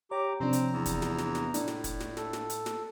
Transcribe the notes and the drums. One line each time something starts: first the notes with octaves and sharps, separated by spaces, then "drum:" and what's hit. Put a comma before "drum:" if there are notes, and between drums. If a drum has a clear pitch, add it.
G4 C#5 A#5 D6
C3 F3 C4 D4 A#5
drum: hi-hat
E2
drum: kick, hi-hat
drum: snare
drum: snare
drum: snare
A2 D4, drum: hi-hat
drum: snare
drum: kick, hi-hat
drum: snare
A4, drum: snare
drum: snare
drum: hi-hat
drum: snare